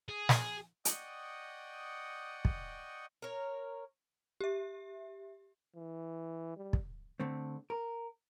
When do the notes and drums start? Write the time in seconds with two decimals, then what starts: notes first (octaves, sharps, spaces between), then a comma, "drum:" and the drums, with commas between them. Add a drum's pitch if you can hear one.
0.09 G#4
0.29 drum: snare
0.85 D5 D#5 F#5 G5 C#6 D#6, drum: hi-hat
2.45 drum: kick
3.22 A#4 C#5
4.41 G4 E5
5.76 E3
6.57 G3
6.73 drum: kick
7.20 D3 A3 C4
7.70 A#4